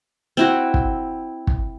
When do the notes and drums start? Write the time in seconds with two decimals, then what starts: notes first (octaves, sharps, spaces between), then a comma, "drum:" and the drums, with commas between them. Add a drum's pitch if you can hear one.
0.37 C4 E4 F#4
0.74 drum: kick
1.47 drum: kick